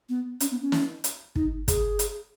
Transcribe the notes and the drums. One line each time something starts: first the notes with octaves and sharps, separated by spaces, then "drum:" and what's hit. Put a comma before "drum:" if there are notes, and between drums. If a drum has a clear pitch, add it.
B3
C#4, drum: hi-hat
B3
C#4
drum: snare
drum: hi-hat
D#4, drum: kick
G#4, drum: kick, hi-hat
drum: hi-hat